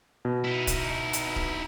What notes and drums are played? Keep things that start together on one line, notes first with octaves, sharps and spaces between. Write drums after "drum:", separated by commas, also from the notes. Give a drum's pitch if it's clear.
B2
D#4 E4
drum: kick D1, hi-hat
drum: hi-hat
drum: kick D1